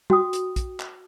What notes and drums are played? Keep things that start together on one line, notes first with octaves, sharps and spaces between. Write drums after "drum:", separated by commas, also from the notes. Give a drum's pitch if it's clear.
F#4 G5 D#6, drum: tom
drum: hi-hat
drum: kick, hi-hat
drum: clap